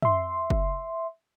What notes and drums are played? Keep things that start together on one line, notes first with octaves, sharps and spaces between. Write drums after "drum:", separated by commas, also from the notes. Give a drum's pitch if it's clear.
E5 C6, drum: tom
drum: kick F#1